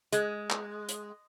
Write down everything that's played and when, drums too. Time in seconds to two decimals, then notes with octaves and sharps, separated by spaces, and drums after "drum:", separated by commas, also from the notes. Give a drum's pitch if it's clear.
0.13 G#3, drum: hi-hat
0.51 drum: clap
0.89 drum: hi-hat